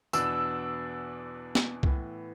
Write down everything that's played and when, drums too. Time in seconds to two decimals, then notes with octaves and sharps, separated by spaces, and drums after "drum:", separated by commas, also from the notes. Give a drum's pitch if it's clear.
0.13 E2 B2 B3 D4 E6, drum: tambourine
1.55 drum: snare B3
1.83 A2 E3 B3, drum: kick